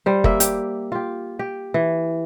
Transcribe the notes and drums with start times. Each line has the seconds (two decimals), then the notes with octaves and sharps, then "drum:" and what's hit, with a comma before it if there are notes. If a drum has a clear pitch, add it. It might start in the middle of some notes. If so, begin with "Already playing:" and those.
0.06 G3 C5
0.24 A#3 E5, drum: kick
0.40 G4, drum: hi-hat
0.92 F4 G4
1.39 G4
1.74 E3